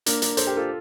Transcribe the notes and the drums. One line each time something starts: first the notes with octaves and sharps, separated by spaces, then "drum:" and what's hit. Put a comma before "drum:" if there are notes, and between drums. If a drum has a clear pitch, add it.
A#3 D4, drum: hi-hat
A#3 D4, drum: hi-hat
A4 C5, drum: hi-hat
G4 A#4
F4 A4